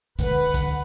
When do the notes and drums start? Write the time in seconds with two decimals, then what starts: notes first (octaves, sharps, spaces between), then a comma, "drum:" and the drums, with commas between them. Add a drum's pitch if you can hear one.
0.19 D3 B4 F#5, drum: hi-hat
0.54 drum: kick, hi-hat